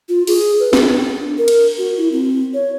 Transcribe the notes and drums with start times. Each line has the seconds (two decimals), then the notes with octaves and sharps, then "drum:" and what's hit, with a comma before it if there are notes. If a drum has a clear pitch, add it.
0.09 F4
0.27 G#4, drum: open hi-hat
0.60 B4
0.73 D4, drum: snare
1.38 A#4
1.48 drum: cymbal
1.78 F#4
1.97 E4
2.12 C4
2.54 C#5